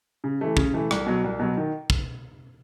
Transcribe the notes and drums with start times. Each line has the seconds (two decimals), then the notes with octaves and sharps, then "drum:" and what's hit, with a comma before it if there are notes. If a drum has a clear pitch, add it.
0.24 C#3
0.41 E3 A3
0.57 C#3, drum: kick
0.74 E3 A3
0.91 C2, drum: rim click
1.06 B2 F#3
1.24 C2
1.39 B2 F#3
1.57 D#3
1.90 drum: kick